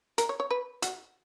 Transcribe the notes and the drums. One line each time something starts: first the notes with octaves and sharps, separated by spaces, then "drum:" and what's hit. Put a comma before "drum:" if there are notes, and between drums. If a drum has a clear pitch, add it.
A#4, drum: hi-hat
C#5
C#5
B4
F#4, drum: hi-hat